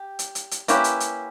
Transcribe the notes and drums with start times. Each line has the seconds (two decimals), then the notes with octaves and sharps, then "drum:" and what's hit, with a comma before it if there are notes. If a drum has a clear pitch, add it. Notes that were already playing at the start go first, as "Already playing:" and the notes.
Already playing: G4
0.19 drum: hi-hat
0.35 drum: hi-hat
0.51 drum: hi-hat
0.68 A#3 C#4 E4 G4 B4, drum: hi-hat
0.84 drum: hi-hat
1.00 drum: hi-hat